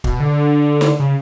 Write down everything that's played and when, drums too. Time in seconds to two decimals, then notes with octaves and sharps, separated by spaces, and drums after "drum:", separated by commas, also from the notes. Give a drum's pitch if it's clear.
0.04 B2, drum: kick
0.20 D3
0.81 drum: snare
1.00 C#3